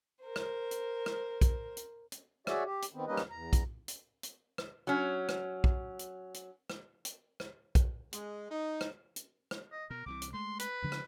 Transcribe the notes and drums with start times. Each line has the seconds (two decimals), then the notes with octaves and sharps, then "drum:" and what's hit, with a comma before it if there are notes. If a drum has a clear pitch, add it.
0.23 A#4 C5
0.36 drum: rim click
0.71 drum: hi-hat
1.06 drum: rim click
1.41 drum: kick, hi-hat
1.77 drum: hi-hat
2.12 drum: hi-hat
2.47 F#4 G#4 C#5 D5 E5, drum: rim click
2.65 G4
2.82 drum: hi-hat
2.94 D#3 B3 C4
3.07 G3 A#3 C#4 D#4 B4 D#5
3.17 drum: rim click
3.30 E2 A#5
3.53 drum: kick, hi-hat
3.88 drum: hi-hat
4.23 drum: hi-hat
4.58 drum: rim click
4.87 F#3 C#4
5.29 drum: rim click
5.64 drum: kick
5.99 drum: hi-hat
6.34 drum: hi-hat
6.70 drum: rim click
7.05 drum: hi-hat
7.40 drum: rim click
7.75 drum: kick, hi-hat
8.13 G#3, drum: hi-hat
8.51 D#4
8.81 drum: rim click
9.16 drum: hi-hat
9.51 drum: rim click
9.72 D#5
9.90 B2 A#4
10.06 C2 C3 E3 D6
10.22 drum: hi-hat
10.33 G#3 A3 C6
10.59 B4, drum: hi-hat
10.82 D2 C#3 F3
10.92 drum: rim click